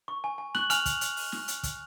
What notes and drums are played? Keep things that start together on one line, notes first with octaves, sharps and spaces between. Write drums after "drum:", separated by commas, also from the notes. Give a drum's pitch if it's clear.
C#6
G#5
G#5
C#6 F#6 F#7, drum: snare
G#5 F6 F7, drum: hi-hat
drum: kick, hi-hat
drum: hi-hat
drum: open hi-hat
drum: snare
drum: hi-hat
drum: kick, hi-hat